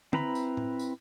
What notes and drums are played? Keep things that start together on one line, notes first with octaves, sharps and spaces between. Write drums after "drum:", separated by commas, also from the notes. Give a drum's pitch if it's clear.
C4 E4 B4 A#5 B5, drum: tom D3
drum: tambourine
drum: tom A2
drum: tambourine